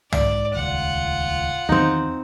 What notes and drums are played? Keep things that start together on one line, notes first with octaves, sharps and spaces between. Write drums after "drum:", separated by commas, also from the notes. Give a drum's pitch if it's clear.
G#2 D5, drum: tom
D#1 C#2 F4 F#5
E2 D#3 E3 C4 D#4